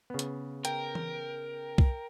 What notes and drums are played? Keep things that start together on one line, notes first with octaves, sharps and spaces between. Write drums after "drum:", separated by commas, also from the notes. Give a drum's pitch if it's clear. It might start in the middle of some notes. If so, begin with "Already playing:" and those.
C#3 B3
drum: hi-hat
A#4 G5, drum: hi-hat
drum: tom E3
drum: kick C2